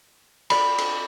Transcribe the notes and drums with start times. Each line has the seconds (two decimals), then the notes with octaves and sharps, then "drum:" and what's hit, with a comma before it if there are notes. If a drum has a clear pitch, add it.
0.50 D5 B5, drum: cymbal
0.78 drum: cymbal